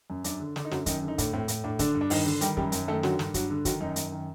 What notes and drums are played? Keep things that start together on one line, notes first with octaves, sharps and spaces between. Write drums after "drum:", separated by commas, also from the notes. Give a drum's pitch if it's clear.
F#2
F#2 D4, drum: hi-hat
D3
D3 D4, drum: snare
D#4
F#2 F#3 F#4, drum: snare
F#2 D#3 D#4, drum: kick, hi-hat
D3
D#4
A2 D4, drum: kick, hi-hat
A2 C4
A2, drum: hi-hat
A2 D4
D3 D4, drum: kick, hi-hat
G2
D4
G2 D#3 D#4, drum: open hi-hat
D3
D#3 G3 G4, drum: hi-hat
F#2 G3 G4, drum: kick
F#2, drum: hi-hat
D#3 A3 A4
D3 F#3 F#4, drum: snare
G2, drum: snare
G2 F#3 F#4, drum: kick, hi-hat
D3
D#3 F#3 F#4, drum: kick, hi-hat
F#2 D#3 D#4
F#2, drum: hi-hat
D#3